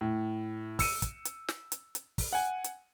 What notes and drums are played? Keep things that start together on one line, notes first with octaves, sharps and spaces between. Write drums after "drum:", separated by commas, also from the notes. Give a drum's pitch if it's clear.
A2
E6 C#7 D#7, drum: kick, open hi-hat
drum: kick, hi-hat
drum: hi-hat
drum: snare
drum: hi-hat
drum: hi-hat
drum: kick, open hi-hat
F#5 G#5
drum: hi-hat